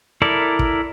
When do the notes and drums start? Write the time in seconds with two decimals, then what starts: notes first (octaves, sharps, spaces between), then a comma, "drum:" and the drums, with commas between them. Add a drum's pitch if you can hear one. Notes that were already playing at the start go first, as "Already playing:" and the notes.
0.22 E4 A4 A#4 D5
0.59 drum: kick